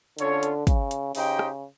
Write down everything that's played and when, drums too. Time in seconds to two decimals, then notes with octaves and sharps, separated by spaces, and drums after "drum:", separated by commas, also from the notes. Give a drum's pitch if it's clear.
0.19 D3 C#4 F4 A4 C#5, drum: hi-hat
0.43 drum: hi-hat
0.67 C#3, drum: kick, hi-hat
0.91 drum: hi-hat
1.15 C#3 D#4 G4 C5 D#5 G5, drum: open hi-hat
1.39 drum: rim click